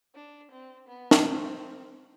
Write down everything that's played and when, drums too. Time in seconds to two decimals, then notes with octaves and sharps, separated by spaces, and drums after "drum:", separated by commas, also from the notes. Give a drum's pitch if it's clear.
0.15 D4
0.52 C4
0.88 B3
1.11 drum: snare
1.24 C4